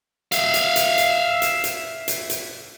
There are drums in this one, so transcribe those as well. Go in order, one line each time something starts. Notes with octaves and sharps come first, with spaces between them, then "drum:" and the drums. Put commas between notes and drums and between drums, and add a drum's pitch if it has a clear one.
E5 F5, drum: hi-hat
drum: hi-hat
drum: hi-hat
drum: hi-hat
drum: hi-hat
drum: hi-hat
drum: hi-hat
drum: hi-hat